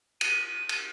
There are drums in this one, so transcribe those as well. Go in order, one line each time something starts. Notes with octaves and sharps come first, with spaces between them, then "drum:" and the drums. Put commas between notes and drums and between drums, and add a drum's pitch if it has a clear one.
D#7, drum: cymbal
drum: cymbal